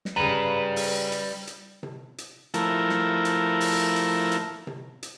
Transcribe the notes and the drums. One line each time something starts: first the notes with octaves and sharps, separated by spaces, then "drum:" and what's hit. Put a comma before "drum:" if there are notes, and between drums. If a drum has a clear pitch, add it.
drum: snare
C#3 G3 B4 A#5
drum: open hi-hat
drum: hi-hat
drum: hi-hat
drum: tom C3
drum: hi-hat
F3 A3 E4 A#4, drum: hi-hat
drum: snare
drum: hi-hat
drum: open hi-hat
drum: hi-hat
drum: hi-hat
drum: tom C3
drum: hi-hat